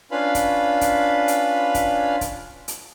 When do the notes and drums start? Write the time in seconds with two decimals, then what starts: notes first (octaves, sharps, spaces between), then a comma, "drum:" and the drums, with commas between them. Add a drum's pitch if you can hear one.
0.11 C#4 D4 F4 B4 F5 B5
0.35 drum: kick, hi-hat
0.81 drum: kick, hi-hat
1.28 drum: hi-hat
1.75 drum: kick, hi-hat
2.21 drum: kick, hi-hat
2.68 drum: hi-hat